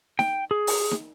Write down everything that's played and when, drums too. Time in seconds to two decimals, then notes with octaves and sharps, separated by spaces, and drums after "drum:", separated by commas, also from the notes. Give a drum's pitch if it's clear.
0.19 G5, drum: snare D#4
0.51 G#4
0.67 drum: open hi-hat
0.91 drum: snare D#4